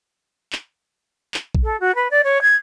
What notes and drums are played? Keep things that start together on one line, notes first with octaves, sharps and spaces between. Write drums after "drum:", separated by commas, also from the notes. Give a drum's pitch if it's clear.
drum: clap
drum: clap
drum: kick
A4
F#4
B4
D5
C#5
G#6